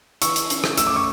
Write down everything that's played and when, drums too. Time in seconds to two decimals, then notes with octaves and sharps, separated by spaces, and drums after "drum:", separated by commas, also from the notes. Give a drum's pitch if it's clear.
0.22 E3 C#6 E6, drum: hi-hat
0.36 drum: hi-hat
0.50 C#4, drum: hi-hat
0.64 drum: rim click
0.77 A3 E6, drum: hi-hat
0.87 D6
0.96 C#6 E6